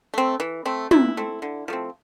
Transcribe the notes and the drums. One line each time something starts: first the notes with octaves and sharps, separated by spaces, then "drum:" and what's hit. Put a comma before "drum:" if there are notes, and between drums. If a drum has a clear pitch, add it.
A3 C4
E3
A3 C4
E3 E4, drum: tom
A3 C4
D3
F3 A3 C4